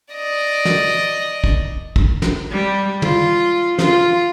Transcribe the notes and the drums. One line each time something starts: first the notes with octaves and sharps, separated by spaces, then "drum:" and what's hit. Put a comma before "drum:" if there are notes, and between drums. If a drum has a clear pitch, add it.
D5 D#5
drum: snare
drum: kick
drum: kick
drum: snare
G3
F4, drum: tom
F4, drum: snare